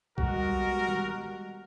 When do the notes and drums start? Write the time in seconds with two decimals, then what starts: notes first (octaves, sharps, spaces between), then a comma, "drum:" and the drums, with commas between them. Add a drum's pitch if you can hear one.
0.18 B2 G3 G#3 F#4 A#4, drum: kick
0.89 drum: tom D#3